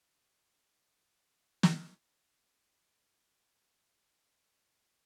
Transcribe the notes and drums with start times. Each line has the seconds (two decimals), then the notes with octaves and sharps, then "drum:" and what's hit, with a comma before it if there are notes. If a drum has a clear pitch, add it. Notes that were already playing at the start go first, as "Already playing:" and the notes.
0.22 D5
0.55 G3 A#3
1.63 drum: snare
2.14 D#2
2.29 D3
2.46 B2
2.61 D4
2.77 G3
3.87 G#2
4.09 D#2
4.27 C#3
4.47 E2
4.60 C2
4.73 B2